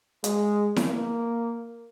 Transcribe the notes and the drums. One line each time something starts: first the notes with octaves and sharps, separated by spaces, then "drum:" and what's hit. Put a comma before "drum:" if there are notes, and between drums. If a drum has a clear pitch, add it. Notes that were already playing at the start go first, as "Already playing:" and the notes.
G#3, drum: hi-hat
drum: snare E4
A#3